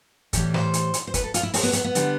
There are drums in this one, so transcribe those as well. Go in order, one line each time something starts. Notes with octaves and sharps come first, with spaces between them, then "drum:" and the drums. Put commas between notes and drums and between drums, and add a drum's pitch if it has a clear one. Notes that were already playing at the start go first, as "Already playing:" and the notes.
A2 E3 G3 G4, drum: kick, hi-hat
C5, drum: snare
drum: hi-hat
drum: hi-hat
C5
B4, drum: kick, hi-hat
A4
F4, drum: hi-hat
E4
C4, drum: open hi-hat
B3
B3, drum: hi-hat
B3
D3 G3, drum: hi-hat